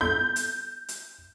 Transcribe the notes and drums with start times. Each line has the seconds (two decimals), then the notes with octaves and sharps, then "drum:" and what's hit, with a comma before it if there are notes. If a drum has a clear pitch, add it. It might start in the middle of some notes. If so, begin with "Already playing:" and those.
0.01 G6
0.36 drum: hi-hat
0.88 drum: hi-hat